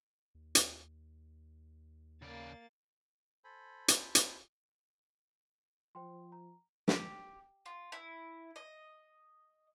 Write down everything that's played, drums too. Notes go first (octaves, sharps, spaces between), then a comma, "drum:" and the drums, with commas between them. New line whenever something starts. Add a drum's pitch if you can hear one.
D#2
drum: hi-hat
C#3 A#3 D5 A6
A4 C5 G#5 B5
drum: hi-hat
drum: hi-hat
F3 C5 G5 C6
A#5
G4, drum: snare
F4
E4
D#5